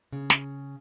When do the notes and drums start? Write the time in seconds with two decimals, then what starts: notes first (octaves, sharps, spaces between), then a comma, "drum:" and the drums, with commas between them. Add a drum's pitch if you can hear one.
0.13 C#3
0.30 drum: snare